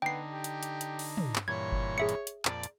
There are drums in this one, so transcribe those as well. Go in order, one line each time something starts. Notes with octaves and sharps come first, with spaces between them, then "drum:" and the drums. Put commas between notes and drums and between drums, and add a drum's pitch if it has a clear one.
D3 B3 D#4 G5 C7
G4
drum: hi-hat
drum: hi-hat
drum: hi-hat
drum: open hi-hat
drum: tom
drum: clap
G2 A#2 E3 C#5 G#6
drum: kick F#1
G#4 E5 C#7
drum: hi-hat
drum: hi-hat
F2 A#2 D5 A5, drum: clap
drum: hi-hat